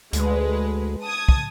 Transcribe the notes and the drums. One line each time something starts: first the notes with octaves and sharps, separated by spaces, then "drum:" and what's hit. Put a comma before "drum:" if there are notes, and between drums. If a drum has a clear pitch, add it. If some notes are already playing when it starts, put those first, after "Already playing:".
D2 G#3 B4, drum: hi-hat
A5 D#6 G#6
drum: kick